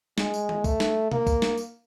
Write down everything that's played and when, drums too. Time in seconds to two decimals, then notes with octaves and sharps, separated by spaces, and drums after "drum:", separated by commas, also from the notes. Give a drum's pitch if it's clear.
0.18 G#3, drum: snare
0.34 drum: tambourine
0.49 drum: tom D#3
0.64 A3, drum: kick B1, tambourine
0.80 drum: snare
1.12 A#3, drum: tom B2
1.27 drum: kick B1, tambourine
1.42 drum: snare
1.58 drum: tambourine